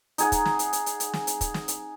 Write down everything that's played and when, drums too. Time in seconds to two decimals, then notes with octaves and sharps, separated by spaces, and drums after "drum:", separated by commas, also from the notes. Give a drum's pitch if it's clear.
0.18 D#4 G#4 F#5, drum: hi-hat
0.32 drum: kick, hi-hat
0.45 drum: snare
0.59 drum: hi-hat
0.73 drum: hi-hat
0.86 drum: hi-hat
1.00 drum: hi-hat
1.13 drum: snare
1.27 drum: hi-hat
1.41 drum: kick, hi-hat
1.54 drum: snare
1.68 drum: hi-hat